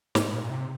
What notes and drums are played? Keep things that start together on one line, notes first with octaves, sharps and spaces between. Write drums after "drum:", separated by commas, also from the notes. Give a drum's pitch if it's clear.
G#2, drum: snare
A#2
C3